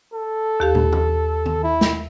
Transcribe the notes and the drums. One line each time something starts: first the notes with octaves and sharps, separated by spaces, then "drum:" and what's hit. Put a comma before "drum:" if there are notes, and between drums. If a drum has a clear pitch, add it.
A4
D#2 G4 F5
drum: tom
drum: tom
drum: tom D#3
E4
drum: snare